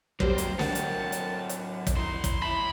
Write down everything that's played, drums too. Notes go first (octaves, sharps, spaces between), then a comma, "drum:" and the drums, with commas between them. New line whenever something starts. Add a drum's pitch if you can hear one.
F#3 G3 A#3 C4 C5, drum: kick
drum: hi-hat
F#3 C4 A#4 F#5 A5, drum: snare
drum: hi-hat
drum: hi-hat
drum: hi-hat
drum: kick, hi-hat
E4 A#5 C6
drum: kick, hi-hat
E4 A5 B5